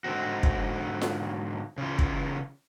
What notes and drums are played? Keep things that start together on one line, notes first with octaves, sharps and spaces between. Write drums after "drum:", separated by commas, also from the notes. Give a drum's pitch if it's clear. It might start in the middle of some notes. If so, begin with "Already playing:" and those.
G#2 D3 G3 C4 F#4
drum: kick
drum: snare F4
C#3 E3 F4
drum: kick